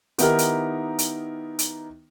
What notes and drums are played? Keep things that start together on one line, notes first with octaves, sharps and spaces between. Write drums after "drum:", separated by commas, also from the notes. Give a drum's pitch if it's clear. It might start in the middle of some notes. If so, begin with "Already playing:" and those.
D#3 B3 D#4 E4 G4 A#4, drum: hi-hat
drum: hi-hat
drum: hi-hat
drum: hi-hat